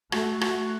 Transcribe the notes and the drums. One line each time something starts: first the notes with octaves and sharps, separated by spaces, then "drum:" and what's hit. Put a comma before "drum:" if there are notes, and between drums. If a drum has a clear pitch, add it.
A3 F#4, drum: rim click
F#4, drum: rim click